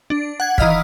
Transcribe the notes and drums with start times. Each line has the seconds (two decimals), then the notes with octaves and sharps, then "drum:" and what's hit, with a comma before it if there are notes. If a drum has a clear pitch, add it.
0.10 D4
0.40 F#5 G#6
0.58 D#3 E3 D#5 F5 F6 B6, drum: kick